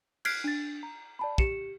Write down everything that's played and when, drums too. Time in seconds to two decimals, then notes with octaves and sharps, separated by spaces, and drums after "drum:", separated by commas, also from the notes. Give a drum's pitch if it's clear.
0.25 F6 F#6 G#6 B6 C7 D7, drum: cymbal
0.44 D4 A6
0.83 A#5
1.19 D5 A5 B5
1.38 G4 C#7 E7, drum: kick